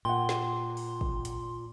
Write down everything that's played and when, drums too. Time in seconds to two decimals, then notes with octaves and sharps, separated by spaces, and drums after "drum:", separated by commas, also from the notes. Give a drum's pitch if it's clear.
0.05 A#2 F#5 G5 C6
0.29 drum: snare
0.77 drum: open hi-hat
1.01 drum: kick
1.25 drum: hi-hat